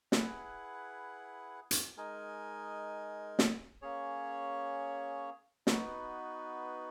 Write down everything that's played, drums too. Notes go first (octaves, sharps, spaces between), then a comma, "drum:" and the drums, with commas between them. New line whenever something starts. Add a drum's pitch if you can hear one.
E4 G#4 B4 F#5, drum: snare
drum: hi-hat
G#3 D#4 A#4 D#5 G#5
drum: snare
A#3 C#4 G#4 C#5
B3 D#4 F#4 B4, drum: snare